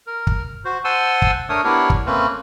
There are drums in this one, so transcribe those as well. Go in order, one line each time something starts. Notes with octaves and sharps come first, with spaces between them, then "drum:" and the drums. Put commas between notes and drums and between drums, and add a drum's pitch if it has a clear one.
A#4
drum: kick
F#4 C5
C5 F#5 G#5 A5 C6 E6
drum: kick
A3 D4 A#4 C#5 D#6
B3 D4 E4 G4 A#4 C#5
drum: kick
A3 A#3 C4 C#4 B4